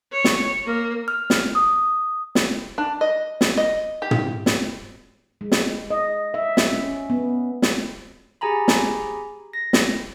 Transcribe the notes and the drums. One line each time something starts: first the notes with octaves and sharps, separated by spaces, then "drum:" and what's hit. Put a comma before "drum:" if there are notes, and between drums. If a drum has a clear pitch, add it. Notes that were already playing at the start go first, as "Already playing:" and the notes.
C#5
drum: snare
A#3
F6
drum: snare
D#6
drum: snare
D4
D#5
drum: snare
D#5
G4
drum: tom
drum: snare
G#3
drum: snare
D#5
E5
drum: snare
C#4
B3
drum: snare
G4 G#4 G#5 A#5 B5
drum: snare
A#6
drum: snare